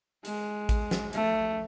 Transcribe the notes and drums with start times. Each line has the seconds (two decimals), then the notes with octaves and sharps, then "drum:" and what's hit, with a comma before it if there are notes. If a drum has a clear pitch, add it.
0.25 G#3, drum: hi-hat
0.69 drum: kick A1, hi-hat
0.91 drum: snare
1.13 A3, drum: hi-hat